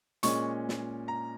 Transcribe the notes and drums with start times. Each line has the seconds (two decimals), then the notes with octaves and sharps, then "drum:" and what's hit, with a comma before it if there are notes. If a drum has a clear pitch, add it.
0.23 A#2 G#3 C#4 C#6, drum: hi-hat
0.69 drum: snare
1.08 A#5